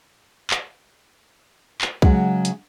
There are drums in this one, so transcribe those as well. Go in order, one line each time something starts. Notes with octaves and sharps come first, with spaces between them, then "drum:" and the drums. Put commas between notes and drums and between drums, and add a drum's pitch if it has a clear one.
drum: clap
drum: clap
C#3 F#3 G#3 F#4, drum: kick
drum: hi-hat